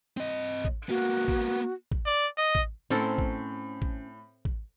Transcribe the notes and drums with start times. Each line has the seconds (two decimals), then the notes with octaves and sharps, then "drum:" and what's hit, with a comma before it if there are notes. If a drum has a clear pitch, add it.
0.17 C4 D#5
0.65 drum: kick A1
0.89 A#3 B3 F#4
1.28 drum: kick A1
1.91 drum: kick A1
2.06 D5
2.38 D#5
2.55 drum: kick A1
2.90 A2 C4 C#4 A4 A#4 C5
3.18 drum: kick A1
3.82 drum: kick A1
4.45 drum: kick A1